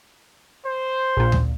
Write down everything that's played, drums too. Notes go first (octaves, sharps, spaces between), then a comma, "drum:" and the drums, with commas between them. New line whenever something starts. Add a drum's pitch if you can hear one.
C5
A#1 A#2
drum: tom D2